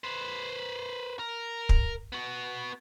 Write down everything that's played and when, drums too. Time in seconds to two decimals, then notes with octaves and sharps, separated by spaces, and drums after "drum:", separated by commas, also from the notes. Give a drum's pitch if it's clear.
0.04 B4 C5
1.19 A#4
1.69 drum: kick
2.13 B3 F#4